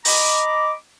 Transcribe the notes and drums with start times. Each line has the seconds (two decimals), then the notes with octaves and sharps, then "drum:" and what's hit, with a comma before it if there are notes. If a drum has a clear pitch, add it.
0.05 D#5 A#5 B5 D6, drum: open hi-hat